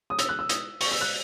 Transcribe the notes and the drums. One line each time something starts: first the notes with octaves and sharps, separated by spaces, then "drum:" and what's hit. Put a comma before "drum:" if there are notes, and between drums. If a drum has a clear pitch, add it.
D#6
E6, drum: hi-hat
F#6
E6
D#6, drum: hi-hat
C#6, drum: open hi-hat
E6
F#6